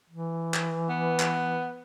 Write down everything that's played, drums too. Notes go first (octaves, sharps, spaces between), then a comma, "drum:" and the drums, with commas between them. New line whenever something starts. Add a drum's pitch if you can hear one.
E3
drum: clap
B3
drum: clap